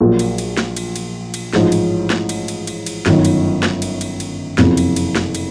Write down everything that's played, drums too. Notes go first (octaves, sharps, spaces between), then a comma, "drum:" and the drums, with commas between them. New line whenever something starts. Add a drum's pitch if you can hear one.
A#1 A#2 F#3 A#3
drum: cymbal
drum: cymbal
drum: snare
drum: cymbal
drum: cymbal
drum: cymbal
A1 G#2 F3, drum: snare
drum: cymbal
drum: snare
drum: cymbal
drum: cymbal
drum: cymbal
drum: cymbal
G1 F#2 D#3, drum: snare
drum: cymbal
drum: snare
drum: cymbal
drum: cymbal
drum: cymbal
F#1 F2 C3, drum: snare
drum: cymbal
drum: cymbal
drum: snare
drum: cymbal